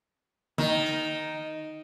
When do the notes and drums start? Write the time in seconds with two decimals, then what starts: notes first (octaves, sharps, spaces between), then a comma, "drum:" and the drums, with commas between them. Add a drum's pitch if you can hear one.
0.58 D#3, drum: tom D3
0.86 drum: hi-hat